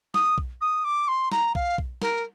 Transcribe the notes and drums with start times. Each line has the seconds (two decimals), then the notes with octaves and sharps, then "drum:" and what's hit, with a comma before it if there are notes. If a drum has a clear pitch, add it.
0.14 D#6, drum: snare
0.38 drum: kick B1
0.61 D#6
0.84 D6
1.08 C6
1.32 A#5, drum: snare
1.55 F5, drum: kick B1
1.78 drum: kick B1
2.02 A#4, drum: snare